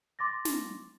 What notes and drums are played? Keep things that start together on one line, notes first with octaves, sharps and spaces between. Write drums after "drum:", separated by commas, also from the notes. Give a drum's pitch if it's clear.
C6 D6 A6 A#6
drum: snare